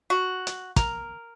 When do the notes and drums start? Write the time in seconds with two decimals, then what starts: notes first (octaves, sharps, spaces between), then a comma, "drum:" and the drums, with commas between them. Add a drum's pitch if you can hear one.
0.10 F#4
0.47 drum: hi-hat
0.76 A#4, drum: kick, hi-hat